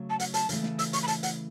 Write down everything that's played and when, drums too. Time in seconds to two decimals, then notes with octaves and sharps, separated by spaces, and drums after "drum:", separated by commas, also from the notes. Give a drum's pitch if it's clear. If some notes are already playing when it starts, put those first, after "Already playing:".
Already playing: C#3 F#3 A3
0.10 A5
0.20 F#5, drum: hi-hat
0.34 A5, drum: hi-hat
0.49 C#3 E3 A3, drum: hi-hat
0.63 drum: snare
0.79 E6, drum: hi-hat
0.93 C#6, drum: hi-hat
1.03 B5
1.08 A5, drum: hi-hat
1.23 F#5, drum: hi-hat